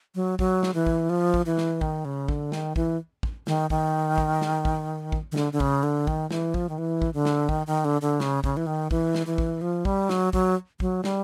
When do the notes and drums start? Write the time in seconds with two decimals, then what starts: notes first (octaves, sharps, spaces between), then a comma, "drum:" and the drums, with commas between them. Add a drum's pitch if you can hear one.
0.15 F#3
0.39 F#3, drum: kick
0.63 drum: snare
0.74 E3
0.87 drum: kick
1.10 F3
1.34 drum: kick
1.46 E3
1.58 drum: snare
1.81 D#3, drum: kick
2.05 C#3
2.28 D3, drum: kick
2.52 D#3, drum: snare
2.76 E3, drum: kick
3.23 drum: kick
3.47 D#3, drum: snare
3.70 D#3, drum: kick
4.18 drum: kick
4.41 drum: snare
4.65 drum: kick
5.12 drum: kick
5.32 D#3
5.36 D3, drum: snare
5.53 D3
5.60 C#3, drum: kick
5.83 D3
6.07 D#3, drum: kick
6.31 E3, drum: snare
6.54 F3, drum: kick
6.69 D#3
6.78 E3
7.02 drum: kick
7.14 D3
7.25 drum: snare
7.49 D#3, drum: kick
7.67 D#3
7.85 D3
8.02 D3
8.20 C#3, drum: snare
8.44 C#3, drum: kick
8.57 E3
8.67 D#3
8.91 E3, drum: kick
9.15 drum: snare
9.26 E3
9.38 drum: kick
9.62 F3
9.85 G3, drum: kick
10.09 F#3, drum: snare
10.33 F#3, drum: kick
10.80 F#3, drum: kick
11.04 G3, drum: snare